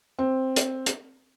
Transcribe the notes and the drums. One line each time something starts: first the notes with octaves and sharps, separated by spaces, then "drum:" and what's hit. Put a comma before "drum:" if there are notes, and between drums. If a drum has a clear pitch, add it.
C4
drum: hi-hat
drum: hi-hat